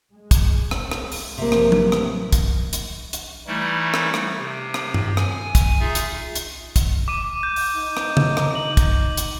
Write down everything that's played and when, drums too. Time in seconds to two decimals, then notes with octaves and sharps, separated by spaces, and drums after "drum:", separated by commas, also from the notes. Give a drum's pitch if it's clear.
0.11 G#3
0.31 drum: kick, hi-hat
0.71 drum: rim click
0.91 drum: rim click
1.12 drum: open hi-hat
1.38 A1 C3 F3 A#3
1.52 drum: rim click
1.72 drum: tom
1.92 drum: rim click
2.33 drum: kick, hi-hat
2.73 drum: hi-hat
3.13 drum: hi-hat
3.47 E3 G3 A3 D#4 E4
3.94 drum: rim click
4.14 drum: rim click
4.38 C3
4.74 drum: rim click
4.94 drum: tom G2
5.17 G#5, drum: rim click
5.55 drum: kick, hi-hat
5.80 D#4 F4 G#4 E5
5.95 drum: hi-hat
6.35 drum: hi-hat
6.76 drum: kick, hi-hat
7.08 D6 D#7
7.43 G6
7.56 drum: open hi-hat
7.76 D#4
7.97 drum: rim click
8.17 drum: tom C#3
8.37 drum: rim click
8.55 F#7
8.77 drum: kick, hi-hat
9.17 drum: hi-hat